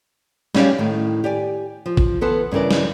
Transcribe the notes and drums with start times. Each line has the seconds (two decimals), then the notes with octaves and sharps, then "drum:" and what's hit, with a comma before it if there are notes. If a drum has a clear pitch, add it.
0.55 G3 C#4 G4 G#4 D5 F5, drum: snare
0.78 A2 D#3
1.24 G4 D5 G#5
1.86 F3
1.97 drum: kick
2.21 E3 B3 A4 B4 C5
2.51 G2 C#3 E3 A#4 D5
2.71 drum: snare